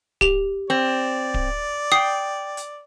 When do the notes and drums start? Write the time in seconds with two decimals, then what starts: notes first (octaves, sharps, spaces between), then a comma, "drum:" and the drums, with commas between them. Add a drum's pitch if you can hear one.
0.21 G4 F7, drum: kick D1
0.70 C4 D5
1.34 drum: kick D1
1.92 G5 D#6 C7
2.57 drum: hi-hat